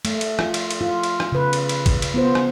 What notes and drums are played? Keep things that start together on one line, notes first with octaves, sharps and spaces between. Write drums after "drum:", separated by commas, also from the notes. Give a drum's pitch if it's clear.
A3, drum: cymbal
drum: cymbal
F4, drum: rim click
drum: cymbal
drum: cymbal
F4
drum: cymbal
drum: rim click
C#3 B4
drum: cymbal
drum: cymbal
drum: kick, cymbal
drum: cymbal
B3 F4 C5
drum: rim click